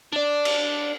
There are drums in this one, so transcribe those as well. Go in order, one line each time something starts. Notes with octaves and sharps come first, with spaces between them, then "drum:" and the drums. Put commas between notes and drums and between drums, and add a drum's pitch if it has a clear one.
D4 D5
drum: cymbal